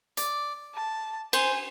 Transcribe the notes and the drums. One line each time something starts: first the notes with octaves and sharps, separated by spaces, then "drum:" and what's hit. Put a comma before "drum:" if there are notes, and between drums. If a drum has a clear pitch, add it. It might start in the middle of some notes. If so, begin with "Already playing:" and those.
D5, drum: hi-hat
A5
C5 G#5, drum: cymbal